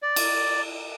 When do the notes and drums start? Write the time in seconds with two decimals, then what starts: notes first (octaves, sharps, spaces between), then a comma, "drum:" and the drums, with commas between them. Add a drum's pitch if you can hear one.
0.02 D5
0.16 drum: cymbal